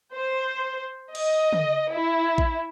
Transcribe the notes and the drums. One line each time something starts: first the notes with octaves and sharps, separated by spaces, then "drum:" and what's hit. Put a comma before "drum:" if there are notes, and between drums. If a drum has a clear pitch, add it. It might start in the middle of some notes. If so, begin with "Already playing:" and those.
C5
D#5, drum: cymbal
drum: tom
E4
drum: kick A1